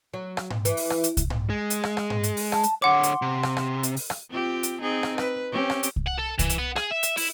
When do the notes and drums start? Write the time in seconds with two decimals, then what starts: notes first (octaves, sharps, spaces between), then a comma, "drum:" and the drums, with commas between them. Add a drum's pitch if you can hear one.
0.14 F#3
0.37 drum: rim click
0.50 drum: tom G#2
0.65 E3, drum: hi-hat
0.77 drum: open hi-hat
0.90 drum: rim click
1.04 drum: hi-hat
1.17 drum: kick C2, hi-hat
1.30 drum: tom G#2
1.50 G#3
1.70 drum: hi-hat
1.83 drum: rim click
1.97 drum: rim click
2.10 drum: tom G#2
2.23 drum: hi-hat
2.37 drum: open hi-hat
2.52 A5, drum: rim click
2.63 drum: hi-hat
2.82 D3 C#5 F#5 C6 D6
3.03 drum: hi-hat
3.22 C3
3.43 drum: rim click
3.57 drum: rim click
3.83 drum: hi-hat
3.97 drum: open hi-hat
4.10 drum: rim click
4.30 C4 F4 G4
4.63 drum: hi-hat
4.81 C4 D#4 G#4
5.03 drum: rim click
5.18 B4, drum: rim click
5.51 C4 C#4 G4
5.70 drum: rim click
5.83 drum: hi-hat
5.96 drum: kick C2
6.07 F#5
6.19 A4
6.39 E3, drum: kick C2, hi-hat
6.50 drum: hi-hat
6.59 B3
6.76 G#4, drum: rim click
6.91 E5
7.03 drum: hi-hat
7.17 E4, drum: open hi-hat